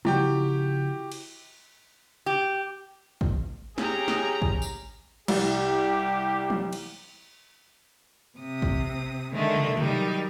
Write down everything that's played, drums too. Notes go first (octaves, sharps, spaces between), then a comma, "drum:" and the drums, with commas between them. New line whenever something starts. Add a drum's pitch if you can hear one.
C#3 F3 E4 F#4 G4 G5, drum: tom E3
drum: cymbal
G4
drum: kick
C#4 G4 G#4 A#5, drum: snare
drum: snare
drum: kick
drum: tambourine
C2 G4, drum: cymbal
drum: tom E3
drum: cymbal
C3 D#6
drum: kick
D3 D#3 G#3 A3
drum: tom
D#3 F#3 G3 D#4, drum: tom